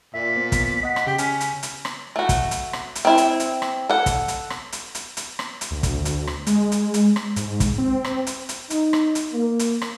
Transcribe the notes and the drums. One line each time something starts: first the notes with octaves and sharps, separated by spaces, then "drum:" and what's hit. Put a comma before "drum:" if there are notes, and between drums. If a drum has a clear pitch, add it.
A#2 D5 E5 B6
B3 C5
drum: kick, hi-hat
D#5 F#5
drum: rim click
C#3 G4
C#4, drum: hi-hat
drum: hi-hat
drum: hi-hat
drum: rim click
A3 F#4
drum: kick, hi-hat
drum: hi-hat
drum: rim click
drum: hi-hat
C4 E4
drum: hi-hat
drum: hi-hat
drum: rim click
A4 F#5
drum: kick, hi-hat
drum: hi-hat
drum: rim click
drum: hi-hat
drum: hi-hat
drum: hi-hat
drum: rim click
drum: hi-hat
D2
drum: kick, hi-hat
drum: hi-hat
drum: rim click
G#3, drum: hi-hat
drum: hi-hat
drum: hi-hat
drum: rim click
G#2, drum: hi-hat
drum: kick, hi-hat
C4
drum: rim click
drum: hi-hat
drum: hi-hat
D#4, drum: hi-hat
drum: rim click
drum: hi-hat
A#3
drum: hi-hat
drum: rim click